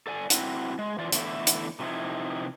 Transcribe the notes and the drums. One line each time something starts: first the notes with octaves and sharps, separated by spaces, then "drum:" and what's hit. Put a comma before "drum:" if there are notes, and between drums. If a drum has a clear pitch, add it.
A4 D5 G#5
C4 E4 F#4, drum: hi-hat
G#3
E3 F4 D5
E2 D3 A3 E4, drum: hi-hat
drum: hi-hat
C3 F3 A#3 D#4 E4